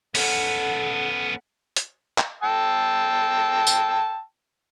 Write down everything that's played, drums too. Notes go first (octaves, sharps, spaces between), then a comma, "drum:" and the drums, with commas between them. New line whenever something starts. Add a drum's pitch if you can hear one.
B3 C#4 A4 F#5, drum: open hi-hat
drum: hi-hat
drum: clap
G5 A5 E6
drum: tambourine